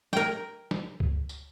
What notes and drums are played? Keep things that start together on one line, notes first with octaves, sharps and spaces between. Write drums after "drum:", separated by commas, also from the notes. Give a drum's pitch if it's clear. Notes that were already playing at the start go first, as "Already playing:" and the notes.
A#4 G5, drum: snare
drum: snare
drum: kick C#2
drum: tambourine